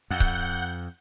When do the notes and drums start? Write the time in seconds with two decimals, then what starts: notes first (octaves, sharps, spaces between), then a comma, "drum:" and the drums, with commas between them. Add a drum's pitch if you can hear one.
0.10 F2 F#5 G6
0.20 drum: kick C#1